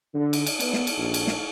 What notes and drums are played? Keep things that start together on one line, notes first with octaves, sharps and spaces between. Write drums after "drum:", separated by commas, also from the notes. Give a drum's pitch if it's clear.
D3
drum: cymbal
drum: cymbal
B3, drum: cymbal
drum: snare
drum: cymbal
A#1
drum: cymbal
drum: snare